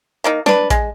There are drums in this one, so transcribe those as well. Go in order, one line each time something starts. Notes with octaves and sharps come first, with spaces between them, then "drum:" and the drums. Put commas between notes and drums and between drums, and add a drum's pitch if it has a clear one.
D#3 A#3 D#4
D4 B4, drum: snare
G#3, drum: kick A1, hi-hat